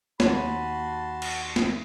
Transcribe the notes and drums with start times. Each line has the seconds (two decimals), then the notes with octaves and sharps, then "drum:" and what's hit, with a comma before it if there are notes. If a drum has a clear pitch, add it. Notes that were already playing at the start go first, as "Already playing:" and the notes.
0.20 D#2 F#4 C#5 A5 B5 C6 D#7, drum: snare
1.22 drum: cymbal
1.56 drum: snare